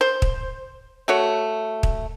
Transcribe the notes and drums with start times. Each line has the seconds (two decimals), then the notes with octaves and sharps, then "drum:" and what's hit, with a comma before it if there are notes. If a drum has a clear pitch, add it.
0.01 C5
0.22 drum: kick
1.08 A3 F#4 C#5
1.83 drum: kick